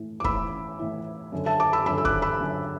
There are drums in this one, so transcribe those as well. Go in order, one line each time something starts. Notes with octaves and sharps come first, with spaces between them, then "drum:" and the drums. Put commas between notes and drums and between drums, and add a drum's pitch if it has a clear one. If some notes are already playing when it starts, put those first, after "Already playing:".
Already playing: A2 E3
D6
A2 E3 B5 E6, drum: kick
A2 E3
F#2 D3
E5 A5
A5 D6
B5 E6
F#2 D3 B5 E6
E6
D6 F#6, drum: kick
B5 E6
F#2 D3